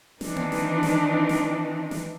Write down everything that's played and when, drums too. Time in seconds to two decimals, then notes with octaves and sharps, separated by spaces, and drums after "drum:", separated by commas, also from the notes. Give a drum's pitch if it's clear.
0.21 D#3 E3 C4 D4 D#4, drum: snare
0.36 drum: tom A#3
0.52 drum: snare
0.83 drum: snare
1.29 drum: snare
1.91 drum: snare